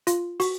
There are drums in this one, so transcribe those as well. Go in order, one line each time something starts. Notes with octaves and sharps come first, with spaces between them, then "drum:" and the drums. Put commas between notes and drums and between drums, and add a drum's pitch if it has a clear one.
F4, drum: hi-hat
F#4, drum: open hi-hat